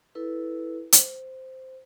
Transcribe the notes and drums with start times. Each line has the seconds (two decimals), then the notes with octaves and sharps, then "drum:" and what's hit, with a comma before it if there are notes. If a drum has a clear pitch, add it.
0.15 E4 A4 B4
0.92 C5, drum: hi-hat